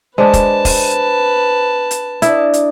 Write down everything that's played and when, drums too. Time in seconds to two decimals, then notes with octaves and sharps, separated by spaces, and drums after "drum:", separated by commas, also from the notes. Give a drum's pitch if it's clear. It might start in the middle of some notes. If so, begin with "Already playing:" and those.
0.18 G#3 D4 B4 C5 A5
0.34 drum: kick, hi-hat
0.65 drum: kick, open hi-hat
1.91 drum: hi-hat
2.22 D4 E4 D#5, drum: hi-hat
2.54 drum: hi-hat